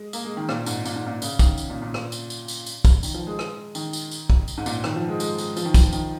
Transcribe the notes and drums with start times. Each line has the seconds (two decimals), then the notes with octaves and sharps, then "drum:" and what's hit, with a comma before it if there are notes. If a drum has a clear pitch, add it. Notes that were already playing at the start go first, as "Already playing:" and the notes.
Already playing: G#3
0.13 A#3, drum: tambourine
0.24 G#3
0.37 D#3
0.49 A#2, drum: rim click
0.66 G#2, drum: tambourine
0.85 A#2, drum: tambourine
0.96 G#2
1.07 A#2
1.22 C#3, drum: tambourine
1.39 D#3, drum: kick, tambourine
1.58 drum: tambourine
1.70 A#2
1.82 A#2
1.94 A#2, drum: rim click
2.12 drum: tambourine
2.30 drum: tambourine
2.48 drum: tambourine
2.66 drum: tambourine
2.85 drum: kick, tambourine
3.03 D#3, drum: tambourine
3.14 F3
3.27 G#3
3.39 drum: rim click
3.75 D#3, drum: tambourine
3.93 drum: tambourine
4.11 drum: tambourine
4.30 drum: kick
4.48 drum: tambourine
4.57 G#2
4.66 A#2, drum: tambourine
4.84 D#3, drum: rim click
4.96 F3
5.08 G#3
5.20 G#3, drum: tambourine
5.38 G#3, drum: tambourine
5.57 F3, drum: tambourine
5.65 D#3
5.74 F3, drum: kick, tambourine
5.93 D#3, drum: tambourine